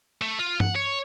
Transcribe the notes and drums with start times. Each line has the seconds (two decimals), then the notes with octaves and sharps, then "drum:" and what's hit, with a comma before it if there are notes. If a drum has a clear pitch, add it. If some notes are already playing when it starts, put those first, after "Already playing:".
0.21 A3
0.39 F4
0.60 F#5, drum: tom G2
0.75 C#5